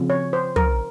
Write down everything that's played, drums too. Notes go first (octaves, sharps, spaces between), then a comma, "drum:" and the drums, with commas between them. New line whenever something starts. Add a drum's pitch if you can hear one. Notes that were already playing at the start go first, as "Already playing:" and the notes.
Already playing: C#3 F3 C4
C#5
C5
A#4, drum: tom